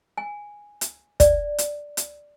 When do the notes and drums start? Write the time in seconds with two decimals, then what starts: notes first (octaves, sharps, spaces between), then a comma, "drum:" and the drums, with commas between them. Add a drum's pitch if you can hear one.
0.18 G#5
0.81 drum: hi-hat
1.20 D5, drum: kick, hi-hat
1.58 drum: hi-hat
1.97 drum: hi-hat